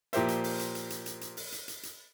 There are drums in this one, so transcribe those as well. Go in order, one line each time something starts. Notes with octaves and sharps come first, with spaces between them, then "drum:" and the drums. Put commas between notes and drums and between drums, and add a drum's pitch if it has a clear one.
A#2 F3 G4 A#4 C5 E5, drum: hi-hat
drum: hi-hat
drum: open hi-hat
drum: hi-hat
drum: hi-hat
drum: hi-hat
drum: hi-hat
drum: hi-hat
drum: open hi-hat
drum: hi-hat
drum: hi-hat
drum: hi-hat